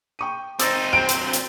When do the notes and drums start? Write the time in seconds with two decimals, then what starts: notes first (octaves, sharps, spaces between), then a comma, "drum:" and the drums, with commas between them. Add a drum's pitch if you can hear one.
0.19 G5 C#6 D#7
0.60 C4 D#4 C5 E6 A6 A#6, drum: hi-hat
0.93 F#3 C4 G5 D7
1.09 drum: hi-hat
1.33 drum: hi-hat